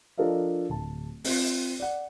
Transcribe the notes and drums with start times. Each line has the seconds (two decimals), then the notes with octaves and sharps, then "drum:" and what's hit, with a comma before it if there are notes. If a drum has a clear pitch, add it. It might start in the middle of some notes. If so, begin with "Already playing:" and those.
0.18 F3 D4 A4 A#4 D#5 F5
0.70 D1 A5
1.24 C4 F4, drum: open hi-hat
1.80 D5 F#5